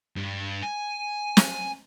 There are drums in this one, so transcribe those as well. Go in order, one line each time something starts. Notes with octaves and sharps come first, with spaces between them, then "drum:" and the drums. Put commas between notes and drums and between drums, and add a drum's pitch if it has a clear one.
G2
G#5
drum: snare